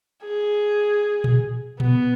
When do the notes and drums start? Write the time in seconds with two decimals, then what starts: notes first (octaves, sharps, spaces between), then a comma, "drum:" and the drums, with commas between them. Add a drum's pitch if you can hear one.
0.24 G#4
1.24 drum: tom A#2
1.80 B3, drum: tom A#2